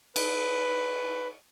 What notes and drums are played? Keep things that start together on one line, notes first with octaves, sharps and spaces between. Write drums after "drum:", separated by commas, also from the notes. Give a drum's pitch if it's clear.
B4, drum: cymbal